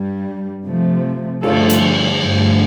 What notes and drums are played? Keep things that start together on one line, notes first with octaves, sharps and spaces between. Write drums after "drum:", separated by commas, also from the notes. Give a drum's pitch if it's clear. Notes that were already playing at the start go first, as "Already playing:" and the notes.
Already playing: G2 G3
C3 F3 A3
G2 D3 F3 A3 F4 A4, drum: cymbal
drum: hi-hat
G2 D3 F3 A3